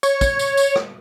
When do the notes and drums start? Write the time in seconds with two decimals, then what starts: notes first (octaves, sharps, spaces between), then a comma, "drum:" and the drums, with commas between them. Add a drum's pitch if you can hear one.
0.03 C#5, drum: tambourine
0.21 drum: kick, tambourine
0.39 drum: tambourine
0.57 drum: tambourine
0.75 drum: rim click